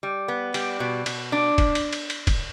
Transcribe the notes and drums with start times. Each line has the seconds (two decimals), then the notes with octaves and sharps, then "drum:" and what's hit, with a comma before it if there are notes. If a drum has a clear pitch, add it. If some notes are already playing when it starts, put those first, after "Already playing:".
0.03 G3
0.28 B3
0.54 G3, drum: cymbal
0.80 B2
1.06 B2, drum: cymbal
1.32 D4
1.58 drum: kick, cymbal
1.75 drum: cymbal
1.93 drum: cymbal
2.10 drum: cymbal
2.27 drum: kick, cymbal